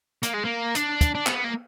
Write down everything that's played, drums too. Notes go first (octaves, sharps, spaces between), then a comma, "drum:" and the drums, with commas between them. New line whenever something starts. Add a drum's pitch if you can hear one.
A#3, drum: hi-hat
G#3
A#3
D4, drum: hi-hat
drum: kick, hi-hat
D4
B3, drum: clap
A#3